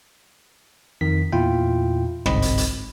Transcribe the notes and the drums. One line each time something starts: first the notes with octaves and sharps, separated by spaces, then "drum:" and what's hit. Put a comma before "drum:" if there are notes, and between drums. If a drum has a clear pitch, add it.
F2 D#3 B6
E2 A#2 E4 F4 G5
G1 C2 G#2 C4 D#5 B5, drum: rim click
drum: hi-hat
drum: hi-hat